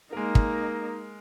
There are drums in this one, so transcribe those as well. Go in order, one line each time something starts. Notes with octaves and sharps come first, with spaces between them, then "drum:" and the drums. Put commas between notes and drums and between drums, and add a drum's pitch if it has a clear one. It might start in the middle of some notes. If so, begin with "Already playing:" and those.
G#3 A#3 D#4 A#4
drum: kick